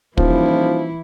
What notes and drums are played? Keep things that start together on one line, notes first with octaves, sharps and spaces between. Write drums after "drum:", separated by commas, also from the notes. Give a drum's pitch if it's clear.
D#1 E3 F3 E4, drum: kick